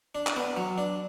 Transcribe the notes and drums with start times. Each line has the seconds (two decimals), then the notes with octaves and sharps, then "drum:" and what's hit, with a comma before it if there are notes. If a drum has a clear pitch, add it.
0.15 D4
0.27 drum: clap
0.36 B3
0.57 F#3
0.78 D4